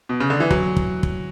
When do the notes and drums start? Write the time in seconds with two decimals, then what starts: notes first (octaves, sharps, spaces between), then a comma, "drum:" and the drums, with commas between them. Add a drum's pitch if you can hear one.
0.09 B2
0.20 C#3
0.30 D3
0.40 E3
0.50 F#3, drum: kick
0.77 drum: kick
1.03 drum: kick